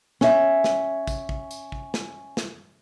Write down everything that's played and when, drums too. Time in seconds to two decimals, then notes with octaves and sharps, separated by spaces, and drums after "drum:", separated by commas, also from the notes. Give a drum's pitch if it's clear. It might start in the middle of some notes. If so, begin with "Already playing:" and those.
0.21 C#4 E5, drum: snare
0.64 drum: snare
1.07 drum: kick, tambourine
1.29 drum: kick
1.51 drum: tambourine
1.72 drum: kick
1.94 drum: snare
2.37 drum: snare